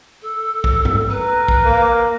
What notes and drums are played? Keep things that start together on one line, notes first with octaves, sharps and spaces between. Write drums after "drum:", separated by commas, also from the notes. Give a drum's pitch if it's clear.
A4
drum: kick A#1
drum: tom G2
A#4 B4
drum: kick A#1
A#3